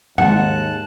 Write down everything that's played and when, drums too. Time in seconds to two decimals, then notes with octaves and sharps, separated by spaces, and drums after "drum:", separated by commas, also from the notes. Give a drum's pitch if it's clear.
0.18 D#2 G#3 A#3 D#4 F#5 A5 F#6, drum: tom